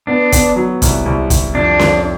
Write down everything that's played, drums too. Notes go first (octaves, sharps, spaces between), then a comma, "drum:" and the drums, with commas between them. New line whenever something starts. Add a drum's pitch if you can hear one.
B3 D4
B3, drum: kick, hi-hat
F#3
C2, drum: kick, hi-hat
C2
C2, drum: kick, hi-hat
F2 D4
F2, drum: snare C#4